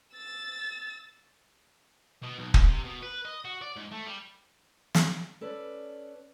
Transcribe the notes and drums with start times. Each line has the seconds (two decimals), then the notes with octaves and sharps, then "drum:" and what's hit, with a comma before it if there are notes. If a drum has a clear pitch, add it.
0.14 E6 A6
2.23 B2
2.38 B1
2.54 D#2, drum: kick
2.67 C3
2.84 B2
3.02 B4
3.25 D#5
3.45 F#4
3.61 D5
3.76 G#2
3.91 A3
4.05 G3
4.95 drum: snare
5.41 C#4 A4 B4 D5